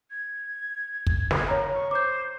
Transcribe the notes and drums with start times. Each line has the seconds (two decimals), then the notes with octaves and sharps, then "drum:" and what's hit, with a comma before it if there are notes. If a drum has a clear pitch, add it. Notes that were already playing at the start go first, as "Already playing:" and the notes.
0.10 G#6
1.07 drum: kick
1.31 drum: snare
1.48 A#4 C#5 A#5
1.74 C#6
1.91 C5 D6 G6